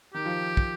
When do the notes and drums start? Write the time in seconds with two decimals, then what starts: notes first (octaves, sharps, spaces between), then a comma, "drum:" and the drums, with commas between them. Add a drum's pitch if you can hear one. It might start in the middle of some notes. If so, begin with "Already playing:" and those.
0.14 D#3 G4
0.26 F3
0.57 drum: kick